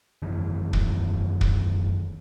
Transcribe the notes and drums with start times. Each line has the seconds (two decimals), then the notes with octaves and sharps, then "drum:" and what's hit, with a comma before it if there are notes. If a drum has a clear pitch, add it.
0.22 F#2 D#3 E3
0.73 drum: kick
1.41 drum: kick